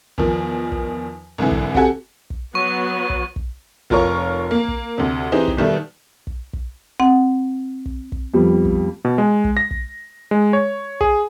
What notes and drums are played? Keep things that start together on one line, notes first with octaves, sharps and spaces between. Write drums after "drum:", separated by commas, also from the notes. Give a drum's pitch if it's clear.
E2 D#3 F3, drum: kick
drum: kick
C2 G#2 D3 E3
drum: kick
C4 F#4 G4 A4 F#5 G#5, drum: kick
drum: kick
F#3 B3 C#6
drum: kick
drum: kick
F1 F4 A#4 C#5 C#6, drum: kick
A#3
drum: kick
D2 C3
E3 C4 D#4 G4 G#4
drum: kick
B2 D#3 G3 A3
drum: kick
drum: kick
C4 F#5
drum: kick
drum: kick
F2 G3 B3
drum: kick
B2
G#3
drum: kick
A#6
drum: kick
G#3
C#5
G#4, drum: kick